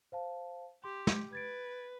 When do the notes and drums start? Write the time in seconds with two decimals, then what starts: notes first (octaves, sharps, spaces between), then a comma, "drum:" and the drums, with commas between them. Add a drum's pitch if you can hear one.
0.12 C5 F5 A5
0.84 G4 C6
1.07 drum: snare
1.33 B4 G#6 A6 D7